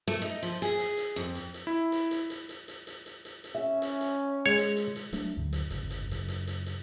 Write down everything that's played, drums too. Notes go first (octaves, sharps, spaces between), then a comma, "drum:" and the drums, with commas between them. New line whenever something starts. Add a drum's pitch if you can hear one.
A3
D#4, drum: hi-hat
F3, drum: hi-hat
G#4, drum: hi-hat
drum: hi-hat
drum: hi-hat
F2, drum: hi-hat
drum: hi-hat
drum: hi-hat
E4
drum: hi-hat
drum: hi-hat
drum: hi-hat
drum: hi-hat
drum: hi-hat
drum: hi-hat
drum: hi-hat
drum: hi-hat
drum: hi-hat
C#4 E5
drum: hi-hat
drum: hi-hat
G#3 C#5
drum: hi-hat
drum: hi-hat
drum: hi-hat
F#3 A3 D4, drum: hi-hat
D2 G#2 D3 F#3
drum: hi-hat
G1 E2 G#2 C#3, drum: hi-hat
drum: hi-hat
F#2 C#3, drum: hi-hat
drum: hi-hat
drum: hi-hat
drum: hi-hat